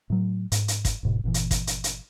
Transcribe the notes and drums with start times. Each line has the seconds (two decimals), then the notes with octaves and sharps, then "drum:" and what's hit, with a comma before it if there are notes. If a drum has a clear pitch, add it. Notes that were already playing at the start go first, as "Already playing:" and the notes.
0.10 A2 F#3
0.52 G#2, drum: hi-hat
0.68 drum: hi-hat
0.85 drum: kick, hi-hat
1.03 D1 G#2 B2
1.24 G1 A#2 E3
1.34 drum: hi-hat
1.51 drum: kick, hi-hat
1.67 drum: hi-hat
1.84 drum: hi-hat